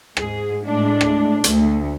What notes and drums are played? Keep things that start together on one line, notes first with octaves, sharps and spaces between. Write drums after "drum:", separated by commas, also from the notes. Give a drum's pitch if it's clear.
G#2 G#4, drum: rim click
A2 G#3 D4
drum: rim click
D2, drum: hi-hat